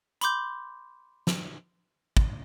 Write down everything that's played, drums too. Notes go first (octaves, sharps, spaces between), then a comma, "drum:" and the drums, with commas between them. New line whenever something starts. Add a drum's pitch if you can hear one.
B5 C6 D6 G6, drum: hi-hat
drum: snare
drum: kick